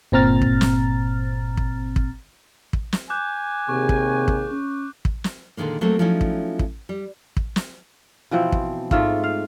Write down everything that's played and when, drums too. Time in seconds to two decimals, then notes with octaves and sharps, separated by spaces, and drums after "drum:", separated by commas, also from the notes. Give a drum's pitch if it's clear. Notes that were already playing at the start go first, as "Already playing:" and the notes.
0.12 G1 A#2 C4 A#5 F6 A6
0.42 drum: kick
0.61 drum: snare
1.57 drum: kick
1.96 drum: kick
2.73 drum: kick
2.93 drum: snare
3.10 G#5 D6 F#6 G6
3.69 D#2 C3 G#4 C#6
3.89 drum: kick
4.28 drum: kick
4.51 C#4
5.05 drum: kick
5.24 drum: snare
5.57 A#2 D3 D#3 G#3 A#3
5.81 F#3 A3 A#3 C4 F#4
5.99 F3 F#3 A3 C#4 D#4 E4
6.21 drum: kick
6.59 drum: kick
6.89 G3
7.37 drum: kick
7.56 drum: snare
8.31 B2 E3 F3 C4
8.52 drum: kick
8.91 G#2 A3 F4 E5, drum: kick
9.24 F5